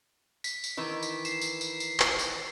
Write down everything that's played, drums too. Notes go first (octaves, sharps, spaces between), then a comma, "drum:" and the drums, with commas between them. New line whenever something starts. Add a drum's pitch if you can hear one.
B6, drum: tambourine
drum: tambourine
D#3 E3
drum: tambourine
C7 E7, drum: tambourine
drum: tambourine
drum: tambourine
drum: tambourine
drum: clap
drum: tambourine